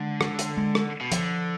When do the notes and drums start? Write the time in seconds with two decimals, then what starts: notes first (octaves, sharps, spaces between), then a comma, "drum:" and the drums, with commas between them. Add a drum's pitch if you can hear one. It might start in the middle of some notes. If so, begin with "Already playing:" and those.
Already playing: D3 G#3
0.21 drum: rim click
0.39 drum: hi-hat
0.57 G#3
0.75 drum: rim click
1.01 B2
1.12 D3 F3, drum: hi-hat